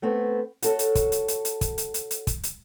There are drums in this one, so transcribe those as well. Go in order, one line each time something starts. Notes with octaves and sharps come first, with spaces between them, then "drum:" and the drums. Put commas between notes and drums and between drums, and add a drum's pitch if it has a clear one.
A3 B3 C4
F#4 A4 C#5, drum: hi-hat
drum: hi-hat
drum: kick, hi-hat
drum: hi-hat
drum: hi-hat
drum: hi-hat
drum: kick, hi-hat
drum: hi-hat
drum: hi-hat
drum: hi-hat
drum: kick, hi-hat
drum: hi-hat